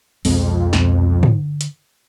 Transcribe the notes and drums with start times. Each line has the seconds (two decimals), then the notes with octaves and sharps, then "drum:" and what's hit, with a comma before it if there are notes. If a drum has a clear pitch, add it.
0.25 C2 F2 B2 G#3 C4, drum: open hi-hat
0.73 C2 B2 G#3 C4, drum: snare
1.23 D3, drum: tom
1.61 drum: hi-hat